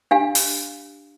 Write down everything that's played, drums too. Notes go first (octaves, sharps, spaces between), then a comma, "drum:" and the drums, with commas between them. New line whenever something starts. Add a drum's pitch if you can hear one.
D4 G4 F5 G#5
drum: open hi-hat